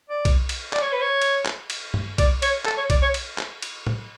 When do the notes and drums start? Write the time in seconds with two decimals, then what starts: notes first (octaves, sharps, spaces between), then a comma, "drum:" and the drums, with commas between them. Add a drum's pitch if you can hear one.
0.09 D5
0.25 drum: kick B1, cymbal
0.49 drum: cymbal
0.73 D5, drum: clap
0.82 C#5
0.92 B4
1.01 C#5
1.22 drum: cymbal
1.46 drum: clap
1.70 drum: cymbal
1.94 drum: tom G2
2.18 D5, drum: kick B1, cymbal
2.42 C#5, drum: cymbal
2.66 A4, drum: clap
2.78 C#5
2.90 D5, drum: kick B1, cymbal
3.02 C#5
3.14 drum: cymbal
3.38 drum: clap
3.62 drum: cymbal
3.87 drum: tom